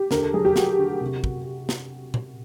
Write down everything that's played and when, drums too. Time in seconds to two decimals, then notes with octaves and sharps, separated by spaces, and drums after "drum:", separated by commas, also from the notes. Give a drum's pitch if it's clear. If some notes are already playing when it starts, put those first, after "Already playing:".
Already playing: G4
0.11 D3 A#4, drum: snare
0.22 A4
0.34 F#3 G#4
0.45 G4
0.56 A3 F#4, drum: snare
0.78 D3
1.01 C3
1.24 drum: kick
1.69 drum: snare
2.14 drum: tom A#2